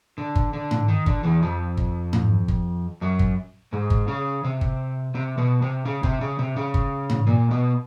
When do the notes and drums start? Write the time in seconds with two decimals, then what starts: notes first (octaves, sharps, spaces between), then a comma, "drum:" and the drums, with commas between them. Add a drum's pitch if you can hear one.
0.18 D3
0.35 drum: kick G1
0.53 D3
0.71 drum: tom G#2
0.89 D#3
1.06 D3, drum: kick G1
1.24 E2 E3
1.42 F2 F3
1.77 drum: kick G1
2.13 drum: tom G#2
2.48 drum: kick G1
3.01 F#2 F#3
3.19 drum: kick G1
3.73 G#2 G#3
3.90 drum: kick G1
4.07 C#3 C#4
4.44 C3 C4
4.61 drum: kick G1
5.14 C3 C4
5.38 B2 B3
5.62 C3 C4
5.85 C#3 C#4
6.03 C3 C4, drum: kick G1
6.20 C#3 C#4
6.39 C3 C4
6.56 C#3 C#4
6.74 drum: kick G1
7.10 drum: tom G#2
7.27 A#2 A#3
7.50 B2 B3